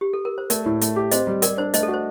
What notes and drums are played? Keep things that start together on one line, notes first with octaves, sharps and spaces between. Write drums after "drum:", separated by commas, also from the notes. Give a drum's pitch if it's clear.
G4
A4
A#4
C5
A3 A#4 D5, drum: hi-hat
A2
A3, drum: hi-hat
G4
C4 C5 D#5, drum: hi-hat
G3
G3 A#4 D5, drum: hi-hat
D4 C5
A3 C5 D#5, drum: hi-hat
A4
F#4
C5